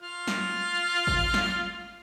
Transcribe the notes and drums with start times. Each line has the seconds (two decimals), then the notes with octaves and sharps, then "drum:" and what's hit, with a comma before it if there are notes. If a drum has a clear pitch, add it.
0.01 F4 F6
0.27 drum: snare
1.07 drum: kick G1
1.34 drum: snare